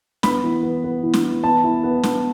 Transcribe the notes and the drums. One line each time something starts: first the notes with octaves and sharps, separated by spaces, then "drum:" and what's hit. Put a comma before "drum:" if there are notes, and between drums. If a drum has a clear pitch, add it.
B3 B5, drum: snare
E3
B3
B3
E3
drum: snare
E3
B3 A5
E4
B3
B3, drum: snare